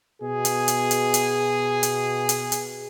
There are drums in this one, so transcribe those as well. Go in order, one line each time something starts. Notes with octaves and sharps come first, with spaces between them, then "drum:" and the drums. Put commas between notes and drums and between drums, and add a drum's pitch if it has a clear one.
B2 G#4
drum: hi-hat
drum: hi-hat
drum: hi-hat
drum: hi-hat
drum: hi-hat
drum: hi-hat
drum: hi-hat